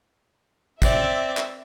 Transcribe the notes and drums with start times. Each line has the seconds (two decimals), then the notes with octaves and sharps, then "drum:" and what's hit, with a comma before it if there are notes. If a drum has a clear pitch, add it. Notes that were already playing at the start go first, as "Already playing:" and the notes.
0.82 C4 D5 E5, drum: kick, tambourine
1.37 drum: clap